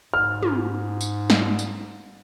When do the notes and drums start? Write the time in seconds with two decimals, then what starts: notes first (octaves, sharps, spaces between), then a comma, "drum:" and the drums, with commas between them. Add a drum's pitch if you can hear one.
0.14 G#2 F6
0.43 drum: tom
1.01 drum: tambourine
1.30 drum: snare
1.59 drum: tambourine